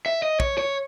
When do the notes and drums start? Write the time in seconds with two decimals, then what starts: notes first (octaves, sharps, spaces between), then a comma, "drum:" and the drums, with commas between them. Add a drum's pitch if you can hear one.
0.06 E5
0.23 D#5
0.40 C#5, drum: kick
0.58 C#5